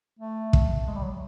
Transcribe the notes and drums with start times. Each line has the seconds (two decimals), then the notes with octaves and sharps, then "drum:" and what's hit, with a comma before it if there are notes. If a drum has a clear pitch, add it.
0.19 A3
0.53 drum: kick
0.87 G#3
0.95 G3
1.03 F#3